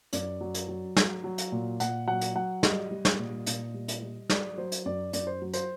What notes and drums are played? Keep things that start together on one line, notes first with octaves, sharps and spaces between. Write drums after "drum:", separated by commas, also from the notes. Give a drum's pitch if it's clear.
F#2 D5, drum: hi-hat
F#3
drum: hi-hat
F#3
F#3, drum: snare
F#3
drum: hi-hat
A#2
A#2 F#5, drum: hi-hat
F#3 F#5
drum: hi-hat
F#3 F#5
G3 D#5, drum: snare
G3
drum: snare
A#2
A#2, drum: hi-hat
G3
drum: hi-hat
G3
F#3 D5, drum: snare
F#3 C5
drum: hi-hat
F#2 D5
F#2 D5, drum: hi-hat
C5
F#3
C5, drum: hi-hat